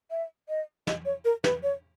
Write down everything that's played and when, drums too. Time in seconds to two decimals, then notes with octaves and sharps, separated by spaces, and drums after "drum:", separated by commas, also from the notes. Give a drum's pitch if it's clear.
0.11 E5
0.49 D#5
0.87 D#5, drum: snare
1.05 C#5
1.25 A#4
1.44 B4, drum: snare
1.63 C#5